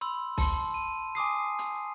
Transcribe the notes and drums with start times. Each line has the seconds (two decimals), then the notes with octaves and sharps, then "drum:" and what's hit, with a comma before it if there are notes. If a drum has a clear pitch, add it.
0.01 B5 C6 E6
0.38 A5 C6, drum: kick B1, open hi-hat
0.74 D#7
1.15 G#5 D6 D#6 C7
1.59 drum: hi-hat